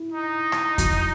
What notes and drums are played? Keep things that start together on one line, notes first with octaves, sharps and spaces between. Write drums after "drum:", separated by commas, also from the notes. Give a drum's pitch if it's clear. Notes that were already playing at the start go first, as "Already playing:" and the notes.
Already playing: E4
D#4
drum: rim click
F#4, drum: kick E2, hi-hat